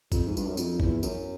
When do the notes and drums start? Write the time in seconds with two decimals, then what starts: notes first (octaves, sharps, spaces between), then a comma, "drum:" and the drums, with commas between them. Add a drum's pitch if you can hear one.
0.12 F2, drum: kick A1, tambourine
0.28 G#2
0.37 G2, drum: tambourine
0.47 F#2
0.57 F2, drum: tambourine
0.80 E2, drum: kick A1
1.03 F#2, drum: tambourine